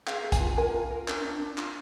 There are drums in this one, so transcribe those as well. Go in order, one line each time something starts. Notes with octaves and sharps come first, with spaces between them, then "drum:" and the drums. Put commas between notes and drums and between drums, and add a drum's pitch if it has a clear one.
G#4 F5, drum: clap
G#4
G#5, drum: kick, hi-hat
F4
A#4 G#5
F4
A#4
D4, drum: clap
D4
D4
F4, drum: clap